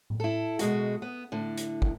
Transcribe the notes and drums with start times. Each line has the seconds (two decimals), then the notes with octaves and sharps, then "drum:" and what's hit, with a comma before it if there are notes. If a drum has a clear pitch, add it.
0.10 drum: tom A2
0.20 E4 A4
0.59 B2 G#3 F#4, drum: hi-hat
1.02 B3
1.32 A2 D3
1.57 drum: hi-hat
1.82 drum: kick